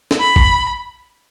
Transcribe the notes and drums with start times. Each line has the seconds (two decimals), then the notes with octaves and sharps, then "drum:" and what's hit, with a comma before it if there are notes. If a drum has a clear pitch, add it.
0.11 drum: snare
0.20 B5
0.36 drum: kick